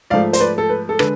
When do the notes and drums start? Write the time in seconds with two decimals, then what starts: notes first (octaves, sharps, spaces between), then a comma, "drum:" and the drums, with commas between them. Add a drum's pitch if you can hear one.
0.10 G#2 F3 A3 D5 F5
0.33 C5, drum: hi-hat
0.40 B4 D5
0.58 A4
0.70 B4
0.89 A4
0.99 D3 G#3 B4, drum: rim click